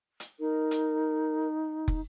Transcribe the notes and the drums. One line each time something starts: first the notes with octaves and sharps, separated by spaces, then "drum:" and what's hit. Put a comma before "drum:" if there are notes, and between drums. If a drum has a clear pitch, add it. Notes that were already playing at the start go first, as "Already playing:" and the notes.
drum: hi-hat
D#4 A#4
drum: hi-hat
drum: kick